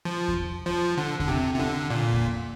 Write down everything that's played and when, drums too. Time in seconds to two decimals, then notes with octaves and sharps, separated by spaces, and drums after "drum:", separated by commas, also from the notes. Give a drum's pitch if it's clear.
0.05 F3
0.28 drum: kick E2
0.66 F3
0.97 D3
1.20 D3, drum: kick E2
1.28 C3
1.54 C3
1.60 D3
1.90 A#2
2.13 drum: kick E2